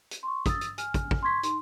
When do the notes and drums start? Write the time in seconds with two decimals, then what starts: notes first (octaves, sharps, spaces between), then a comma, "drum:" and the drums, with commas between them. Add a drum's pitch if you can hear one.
0.11 drum: hi-hat
0.23 C6 C#6
0.46 D#6 E6 A6, drum: kick, hi-hat
0.61 drum: hi-hat
0.78 G#5 F6, drum: hi-hat
0.94 drum: kick, hi-hat
1.11 drum: kick
1.23 C6 C#6 G#6 B6
1.43 D#4 C6, drum: hi-hat